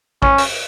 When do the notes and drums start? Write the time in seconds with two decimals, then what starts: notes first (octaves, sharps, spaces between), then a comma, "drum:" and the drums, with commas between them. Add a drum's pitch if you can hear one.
0.22 C#4, drum: kick
0.38 drum: open hi-hat